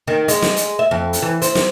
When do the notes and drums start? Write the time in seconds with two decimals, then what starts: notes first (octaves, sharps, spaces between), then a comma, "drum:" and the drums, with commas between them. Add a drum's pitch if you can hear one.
0.07 D#3
0.28 G#3, drum: hi-hat
0.42 drum: snare
0.56 drum: hi-hat
0.79 E5
0.91 F2
1.13 drum: hi-hat
1.22 E3
1.42 C4, drum: hi-hat
1.55 drum: snare